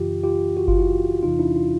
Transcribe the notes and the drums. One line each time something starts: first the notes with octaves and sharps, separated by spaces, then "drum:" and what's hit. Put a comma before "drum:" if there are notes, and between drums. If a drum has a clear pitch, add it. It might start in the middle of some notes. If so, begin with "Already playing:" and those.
Already playing: F#2 C#3 E3 F4 G4
F4 G4
F#4
F4, drum: kick G1
E4 F#4
E2 C3 E3 D#4 F4
D4 E4
D#4 F4